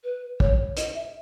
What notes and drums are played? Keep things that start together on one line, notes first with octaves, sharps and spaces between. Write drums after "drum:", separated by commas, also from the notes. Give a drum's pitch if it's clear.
B4
C#5, drum: kick
D#5, drum: hi-hat
E5